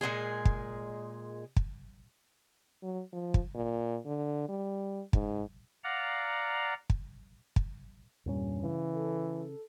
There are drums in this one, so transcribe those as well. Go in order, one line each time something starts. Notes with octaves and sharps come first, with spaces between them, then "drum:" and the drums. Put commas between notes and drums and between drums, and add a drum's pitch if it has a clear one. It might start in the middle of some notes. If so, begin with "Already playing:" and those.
A#2 E3 G#3 G#4
drum: kick
drum: kick
F#3
F3
drum: kick
A#2
D3
G3
G#2, drum: kick
D5 F5 F#5 A#5
drum: kick
drum: kick
E2 G2 A#2 C#4
C#3 E3
A4